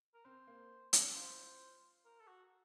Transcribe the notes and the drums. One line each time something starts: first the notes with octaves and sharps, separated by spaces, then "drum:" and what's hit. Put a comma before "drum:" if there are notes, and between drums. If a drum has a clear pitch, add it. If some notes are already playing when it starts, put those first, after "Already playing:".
A#4
C4 C5
A#3
C#4, drum: hi-hat
F4 C5
A#4
A4
F#4